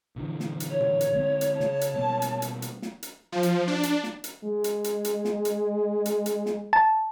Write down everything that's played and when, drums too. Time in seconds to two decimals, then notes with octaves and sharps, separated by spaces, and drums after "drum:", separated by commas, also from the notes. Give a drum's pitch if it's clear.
0.16 A#2 D3 E3
0.40 drum: snare
0.60 drum: hi-hat
0.70 C#5
0.80 drum: tom A2
1.01 drum: hi-hat
1.13 D3 G#3 C4
1.41 drum: hi-hat
1.60 C#3 A5, drum: snare
1.81 drum: hi-hat
1.94 B2 G3 A#3
2.22 drum: hi-hat
2.42 drum: hi-hat
2.62 drum: hi-hat
2.82 drum: snare
3.03 drum: hi-hat
3.32 F3
3.43 drum: hi-hat
3.68 D4
3.83 drum: hi-hat
4.04 drum: snare
4.24 drum: hi-hat
4.44 G#3
4.64 drum: hi-hat
4.84 drum: hi-hat
5.05 drum: hi-hat
5.25 drum: snare
5.45 drum: hi-hat
6.06 drum: hi-hat
6.26 drum: hi-hat
6.46 drum: snare
6.73 A5